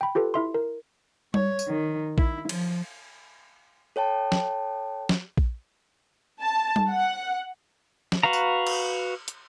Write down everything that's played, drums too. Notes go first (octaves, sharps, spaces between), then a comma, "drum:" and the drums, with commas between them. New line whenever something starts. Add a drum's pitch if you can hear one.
G5 B5
F4 G4 A4 B4
E4 E5 C6
A#4
C#5, drum: tom G3
drum: tambourine
D#3
E4, drum: kick A#1
F3, drum: cymbal
A4 C#5 G5 A5
drum: snare
drum: snare
drum: kick A#1
A5
drum: tom G3
F#5
drum: snare
F#4 B4 F5 A#5
drum: tambourine
drum: cymbal
drum: hi-hat